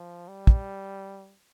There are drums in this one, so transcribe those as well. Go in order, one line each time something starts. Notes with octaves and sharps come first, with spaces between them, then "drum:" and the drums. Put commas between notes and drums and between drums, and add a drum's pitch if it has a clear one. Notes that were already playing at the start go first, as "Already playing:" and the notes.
Already playing: F3
G3
drum: kick